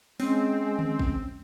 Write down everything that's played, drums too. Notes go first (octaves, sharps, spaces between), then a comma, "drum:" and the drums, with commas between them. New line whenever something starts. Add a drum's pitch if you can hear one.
G#3 C4 C#4, drum: open hi-hat
drum: tom D3
drum: kick